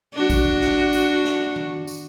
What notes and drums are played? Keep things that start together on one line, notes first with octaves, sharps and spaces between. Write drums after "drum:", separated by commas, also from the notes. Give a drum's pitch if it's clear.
D4 F#4
drum: kick G#1, tambourine
drum: snare
drum: tambourine
drum: snare
drum: tom D#3
drum: tambourine